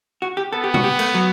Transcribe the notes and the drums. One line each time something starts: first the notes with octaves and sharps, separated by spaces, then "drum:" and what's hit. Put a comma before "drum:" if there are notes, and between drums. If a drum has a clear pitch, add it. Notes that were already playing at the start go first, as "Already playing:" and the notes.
F#4
G4
B3 A4
G4
F#4, drum: tom B2
G4
A3, drum: cymbal
F#3